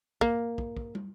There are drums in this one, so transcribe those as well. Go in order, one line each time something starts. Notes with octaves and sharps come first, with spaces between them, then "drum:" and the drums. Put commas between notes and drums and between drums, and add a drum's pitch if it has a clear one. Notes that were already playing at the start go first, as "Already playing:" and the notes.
A#3, drum: kick
drum: kick
drum: kick
drum: tom